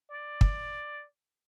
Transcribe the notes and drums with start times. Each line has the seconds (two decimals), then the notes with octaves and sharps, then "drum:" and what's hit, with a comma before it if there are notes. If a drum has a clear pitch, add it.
0.10 D5
0.41 drum: kick